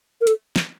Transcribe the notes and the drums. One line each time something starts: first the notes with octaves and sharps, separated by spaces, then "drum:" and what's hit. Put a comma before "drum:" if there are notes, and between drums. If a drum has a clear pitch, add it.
A#4
A4, drum: hi-hat
drum: snare